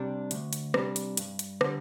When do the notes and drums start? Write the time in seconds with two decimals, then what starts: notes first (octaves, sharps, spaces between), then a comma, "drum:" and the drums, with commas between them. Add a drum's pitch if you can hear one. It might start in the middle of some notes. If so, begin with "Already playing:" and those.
Already playing: C3 G3 D4
0.31 D2, drum: hi-hat
0.53 drum: hi-hat
0.74 C3 G3 D4, drum: rim click
0.96 drum: hi-hat
1.17 G2, drum: hi-hat
1.39 drum: hi-hat
1.61 D3 G3, drum: rim click